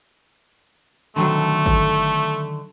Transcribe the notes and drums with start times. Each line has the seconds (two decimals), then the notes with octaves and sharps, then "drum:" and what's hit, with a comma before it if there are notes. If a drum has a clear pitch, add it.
1.16 D3 D#3 F#3 A3
1.66 drum: kick G#1